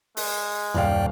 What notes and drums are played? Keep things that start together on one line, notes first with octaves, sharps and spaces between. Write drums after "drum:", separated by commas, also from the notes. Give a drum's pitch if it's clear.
G#3, drum: open hi-hat
D#1 F#2 D5 F5 G5